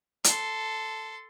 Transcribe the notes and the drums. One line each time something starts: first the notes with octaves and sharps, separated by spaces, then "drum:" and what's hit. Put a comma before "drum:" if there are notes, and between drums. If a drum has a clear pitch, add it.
A4 C6, drum: hi-hat